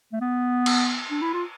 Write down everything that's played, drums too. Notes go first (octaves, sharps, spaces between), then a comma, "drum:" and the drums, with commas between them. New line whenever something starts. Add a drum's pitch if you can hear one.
A3
B3
drum: cymbal
D4
E4
F4